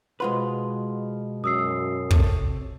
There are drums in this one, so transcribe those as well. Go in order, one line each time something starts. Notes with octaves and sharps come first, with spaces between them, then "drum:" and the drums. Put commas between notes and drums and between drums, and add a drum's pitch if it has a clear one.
B2 G#3 F4 B4 C5 F#5 C6
F#2 D#6 E6 C7
C3 A4 C#5, drum: kick